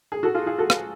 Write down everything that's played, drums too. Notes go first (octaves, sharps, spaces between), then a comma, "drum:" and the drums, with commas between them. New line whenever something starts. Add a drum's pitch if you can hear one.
G#4
F#4 A4
F4 G#4
F4 G#4
F#4 A4
drum: rim click